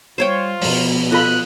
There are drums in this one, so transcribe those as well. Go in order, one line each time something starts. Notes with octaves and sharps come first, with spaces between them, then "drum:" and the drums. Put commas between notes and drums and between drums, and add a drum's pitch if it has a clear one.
G3 F4 C5 C#5 G5
B2 F3, drum: open hi-hat
F4 A4 D#5 B5 F#6